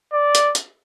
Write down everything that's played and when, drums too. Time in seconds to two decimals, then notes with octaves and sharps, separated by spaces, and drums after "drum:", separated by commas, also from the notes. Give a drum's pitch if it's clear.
0.13 D5
0.35 drum: hi-hat
0.55 drum: hi-hat